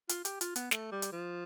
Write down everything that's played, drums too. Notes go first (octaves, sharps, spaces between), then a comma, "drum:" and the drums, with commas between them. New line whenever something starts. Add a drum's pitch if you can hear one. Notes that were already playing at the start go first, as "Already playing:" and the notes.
F4, drum: hi-hat
G4, drum: hi-hat
F4, drum: hi-hat
B3, drum: hi-hat
A3, drum: snare
G3
drum: hi-hat
F3